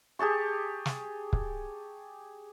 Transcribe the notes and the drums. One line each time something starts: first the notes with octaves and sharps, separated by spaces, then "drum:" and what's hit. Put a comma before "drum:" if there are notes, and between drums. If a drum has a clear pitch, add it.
G4 G#4 A5 C#6
drum: snare
drum: kick